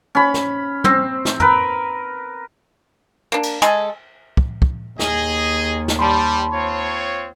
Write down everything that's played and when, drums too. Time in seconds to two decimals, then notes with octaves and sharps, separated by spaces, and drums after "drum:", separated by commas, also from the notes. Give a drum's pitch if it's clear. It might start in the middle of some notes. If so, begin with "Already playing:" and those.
0.15 C#4 B5
0.34 drum: snare
0.84 C4, drum: tom
1.25 drum: snare
1.40 A#4 B4, drum: tom
3.32 A#3 D4
3.43 drum: cymbal
3.62 G#3 G#4 A4, drum: hi-hat
4.37 drum: kick
4.62 drum: kick
4.99 D#2 G#4 D#5, drum: snare
5.88 drum: snare
5.99 G3 A5 B5 C6
6.52 C4 F4 C#5